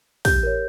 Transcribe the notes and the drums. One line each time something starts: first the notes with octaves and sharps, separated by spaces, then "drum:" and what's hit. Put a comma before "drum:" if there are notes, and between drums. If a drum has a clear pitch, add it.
G4 G6, drum: kick, open hi-hat
A#4 C#5